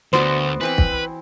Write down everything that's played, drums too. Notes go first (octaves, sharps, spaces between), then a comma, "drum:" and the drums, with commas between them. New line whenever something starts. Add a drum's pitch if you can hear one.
D2 B3 F#4 C5 D5
E3 C4 E4 B4
drum: kick